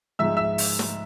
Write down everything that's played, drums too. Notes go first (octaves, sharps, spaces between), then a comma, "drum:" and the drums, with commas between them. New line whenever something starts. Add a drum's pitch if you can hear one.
G#2 F3 G#3 E5 E6
E5 E6
drum: open hi-hat
drum: snare